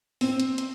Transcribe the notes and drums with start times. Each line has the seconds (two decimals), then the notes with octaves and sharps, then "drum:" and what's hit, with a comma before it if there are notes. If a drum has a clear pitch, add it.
0.21 C4, drum: open hi-hat
0.40 drum: hi-hat
0.58 drum: hi-hat